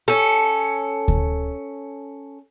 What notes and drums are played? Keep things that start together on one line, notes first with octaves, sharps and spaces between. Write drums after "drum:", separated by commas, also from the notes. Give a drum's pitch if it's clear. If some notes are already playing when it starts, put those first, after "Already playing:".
C#4 A4
drum: kick D2